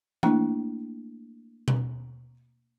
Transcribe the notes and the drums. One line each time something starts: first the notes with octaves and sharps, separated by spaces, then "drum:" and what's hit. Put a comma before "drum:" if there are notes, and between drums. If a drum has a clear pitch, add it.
A3 A#3 D4 E4, drum: tom E3
drum: tom B2